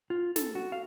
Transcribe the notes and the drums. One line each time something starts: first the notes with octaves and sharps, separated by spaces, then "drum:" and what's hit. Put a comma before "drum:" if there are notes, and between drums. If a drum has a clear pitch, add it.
F4
A4, drum: snare
F#4
F5